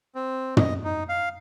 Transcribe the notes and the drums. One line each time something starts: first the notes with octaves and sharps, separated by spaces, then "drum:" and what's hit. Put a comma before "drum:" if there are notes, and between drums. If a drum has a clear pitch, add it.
C4
D#5, drum: tom
D#4
F5